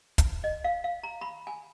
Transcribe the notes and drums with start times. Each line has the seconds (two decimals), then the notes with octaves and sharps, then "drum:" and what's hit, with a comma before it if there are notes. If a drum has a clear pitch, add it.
0.18 drum: kick, hi-hat
0.44 D#5
0.64 F5
0.84 F5
1.03 A#5
1.21 B5
1.47 G#5